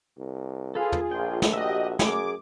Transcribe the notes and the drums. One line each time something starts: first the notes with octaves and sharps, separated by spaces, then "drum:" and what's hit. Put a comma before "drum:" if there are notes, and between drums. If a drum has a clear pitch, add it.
C2
F4 G#4 A4 B4 F5
drum: tom
A#1 G5
drum: snare
F#4 G4 D#5 E5
F#2 G#4 D6, drum: snare